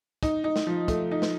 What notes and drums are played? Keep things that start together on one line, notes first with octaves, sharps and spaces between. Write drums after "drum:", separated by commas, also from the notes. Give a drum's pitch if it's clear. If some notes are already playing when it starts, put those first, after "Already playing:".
D#4, drum: kick, hi-hat
D#4
drum: snare
F3
A3, drum: kick, hi-hat
D#4
drum: snare